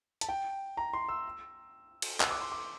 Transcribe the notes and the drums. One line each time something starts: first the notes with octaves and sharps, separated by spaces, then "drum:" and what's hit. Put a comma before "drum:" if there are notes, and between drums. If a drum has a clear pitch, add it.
A5, drum: hi-hat
G5
A#5
C6
E6
drum: cymbal
E6, drum: clap
D6
C6
D6